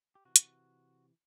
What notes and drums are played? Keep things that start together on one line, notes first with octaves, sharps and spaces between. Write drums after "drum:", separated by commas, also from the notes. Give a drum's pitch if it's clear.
G4
C3 E3 F#4
drum: hi-hat